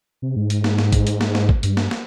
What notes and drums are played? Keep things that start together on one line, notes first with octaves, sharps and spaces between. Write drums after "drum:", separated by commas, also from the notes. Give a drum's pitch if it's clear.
C3
G#2
drum: hi-hat
drum: snare
drum: snare
drum: kick G#1, hi-hat
drum: hi-hat
drum: snare
drum: snare
drum: kick G#1
G2, drum: hi-hat
drum: snare
drum: snare